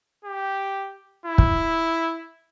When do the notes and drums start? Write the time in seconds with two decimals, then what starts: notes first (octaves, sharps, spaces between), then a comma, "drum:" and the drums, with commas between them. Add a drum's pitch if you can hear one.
0.25 G4
1.26 E4
1.38 drum: kick